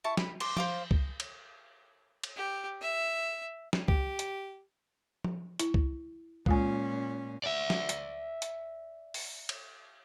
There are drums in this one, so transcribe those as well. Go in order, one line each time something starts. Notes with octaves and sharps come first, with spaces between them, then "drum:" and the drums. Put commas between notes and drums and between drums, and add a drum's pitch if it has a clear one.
E4 A5 C#6
B5, drum: snare
C6 D6, drum: cymbal
C5 F5 D6, drum: tom
drum: kick C#2
drum: cymbal
drum: cymbal
G4
E5
drum: snare
G4, drum: kick C#2
drum: hi-hat
drum: tom
E4, drum: hi-hat
drum: kick C#2
A#2 G#3 C#4 F4 G#5, drum: kick C#2
D5 E5
drum: snare
drum: hi-hat
drum: hi-hat
drum: open hi-hat
drum: cymbal